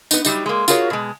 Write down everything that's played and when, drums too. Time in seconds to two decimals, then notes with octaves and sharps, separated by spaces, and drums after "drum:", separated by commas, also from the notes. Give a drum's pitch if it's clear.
0.11 B3 D#4, drum: tambourine
0.25 F#3 G3 D#4, drum: tambourine
0.46 G#3 A#3
0.68 F4 F#4 G#4 A#4 C#5, drum: tambourine
0.90 B2 G#3